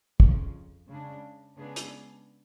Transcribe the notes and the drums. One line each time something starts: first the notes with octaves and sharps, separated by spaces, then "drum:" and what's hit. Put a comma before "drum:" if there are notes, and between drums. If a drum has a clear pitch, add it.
F2 C#3 F3, drum: kick
C#3 G#3 D4
C#3 G#3 B3 D4 G#4
drum: hi-hat